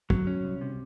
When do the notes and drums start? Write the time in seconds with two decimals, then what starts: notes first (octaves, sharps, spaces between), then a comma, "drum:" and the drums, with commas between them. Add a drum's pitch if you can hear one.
0.10 F#3, drum: kick
0.27 C#4
0.44 C2
0.61 C3